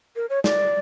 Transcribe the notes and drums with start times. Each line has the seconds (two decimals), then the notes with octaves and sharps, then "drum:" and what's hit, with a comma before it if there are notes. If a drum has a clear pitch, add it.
0.16 A#4
0.30 C#5
0.44 D5, drum: snare